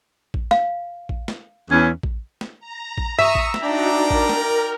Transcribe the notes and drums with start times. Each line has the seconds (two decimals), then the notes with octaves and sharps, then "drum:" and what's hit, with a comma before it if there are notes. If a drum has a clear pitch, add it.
0.34 drum: kick A1
0.51 F5, drum: snare
1.09 drum: kick A1
1.28 drum: snare
1.70 E2 C#4
2.03 drum: kick A1
2.41 drum: snare
2.60 A#5
2.98 drum: kick A1
3.19 E5 C#6 D#6, drum: tom G2
3.35 drum: kick A1
3.54 drum: snare
3.63 D4 D#4 F#4 D5 G5 A#5
3.97 A#4
4.10 drum: kick A1
4.29 drum: snare